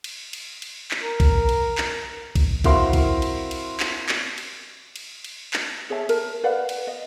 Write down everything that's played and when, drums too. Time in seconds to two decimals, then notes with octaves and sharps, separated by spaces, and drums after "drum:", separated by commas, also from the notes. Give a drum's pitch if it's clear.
0.04 drum: cymbal
0.33 drum: cymbal
0.62 drum: cymbal
0.91 drum: clap
1.02 A#4
1.20 drum: kick B1, cymbal
1.49 drum: cymbal
1.78 drum: clap
2.35 drum: kick B1, cymbal
2.64 C4 E4 F#4 A#4 F5 C6, drum: kick B1, cymbal
2.93 drum: kick B1, cymbal
3.22 drum: cymbal
3.51 drum: cymbal
3.80 drum: clap
4.09 drum: clap
4.38 drum: cymbal
4.96 drum: cymbal
5.24 drum: cymbal
5.53 drum: clap
5.90 G#4 C#5 E5 A5
6.09 A#4, drum: cymbal
6.44 B4 D5 F5 F#5
6.69 drum: cymbal
6.87 D#5